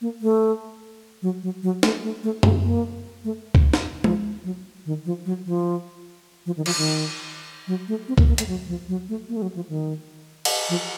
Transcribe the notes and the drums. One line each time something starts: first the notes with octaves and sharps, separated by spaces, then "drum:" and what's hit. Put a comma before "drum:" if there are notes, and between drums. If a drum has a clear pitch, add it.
A#3
A3
F#3
F#3
F#3
A3, drum: snare
A3
A3
A3, drum: tom F#2
A#3
A3
drum: kick
drum: snare
F3, drum: tom G#3
F#3
D#3
F3
F#3
F3
F3
D#3
F3, drum: cymbal
D#3
F#3
A3
C4
A#3, drum: kick
A#3
A3, drum: hi-hat
F#3
F3
F#3
A3
A#3
A3
F#3
F3
D#3
drum: cymbal
F3